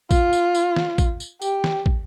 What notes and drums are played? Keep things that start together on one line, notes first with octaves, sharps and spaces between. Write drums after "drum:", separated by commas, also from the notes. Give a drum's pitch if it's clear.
F4, drum: kick, tambourine
drum: tambourine
drum: tambourine
drum: snare
drum: kick, tambourine
drum: tambourine
G4, drum: tambourine
drum: snare
drum: kick